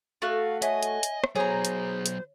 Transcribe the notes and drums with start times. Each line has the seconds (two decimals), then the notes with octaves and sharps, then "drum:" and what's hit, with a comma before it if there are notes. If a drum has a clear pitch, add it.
0.22 A3 F#4 F5
0.62 C#5 D#5 E5 G#5, drum: hi-hat
0.83 drum: hi-hat
1.03 drum: hi-hat
1.24 drum: rim click
1.36 F#3 B3 G#4 C5 C#5 A#5
1.65 drum: hi-hat
2.06 drum: hi-hat